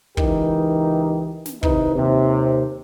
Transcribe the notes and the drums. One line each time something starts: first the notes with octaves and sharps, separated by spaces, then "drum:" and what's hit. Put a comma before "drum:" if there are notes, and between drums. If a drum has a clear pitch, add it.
C#2 E3 D#4 G4 A#4, drum: kick
drum: snare
C3 D#3 D#4 E4 B4, drum: kick
D#2 C3